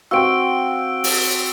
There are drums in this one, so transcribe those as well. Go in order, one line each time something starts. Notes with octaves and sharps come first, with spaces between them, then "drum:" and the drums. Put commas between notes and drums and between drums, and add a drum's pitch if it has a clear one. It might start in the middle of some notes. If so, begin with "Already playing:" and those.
C4 F#4 F5 G5 E6 D7
drum: open hi-hat